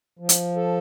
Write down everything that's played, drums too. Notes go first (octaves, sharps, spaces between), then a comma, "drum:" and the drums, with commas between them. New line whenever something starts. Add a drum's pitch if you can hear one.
F3
drum: hi-hat
A4